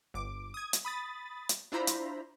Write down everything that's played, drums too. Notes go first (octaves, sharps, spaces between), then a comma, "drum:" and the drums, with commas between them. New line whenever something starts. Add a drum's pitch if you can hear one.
G1 D6
D#6 G#6
drum: hi-hat
B5 D#6 A6
drum: hi-hat
D4 E4 F4 C5 A#5 B5
drum: hi-hat